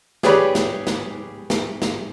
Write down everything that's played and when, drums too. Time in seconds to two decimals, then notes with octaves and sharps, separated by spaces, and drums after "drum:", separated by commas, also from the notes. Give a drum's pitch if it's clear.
0.23 G4 G#4 B4 C#5 D5 B5, drum: snare
0.55 drum: snare
0.87 drum: snare
1.50 drum: snare
1.82 drum: snare